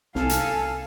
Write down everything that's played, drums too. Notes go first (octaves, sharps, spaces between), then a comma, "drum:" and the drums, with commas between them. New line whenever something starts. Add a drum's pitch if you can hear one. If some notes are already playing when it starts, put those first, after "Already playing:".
C2 A4 F5 G#5, drum: snare
drum: hi-hat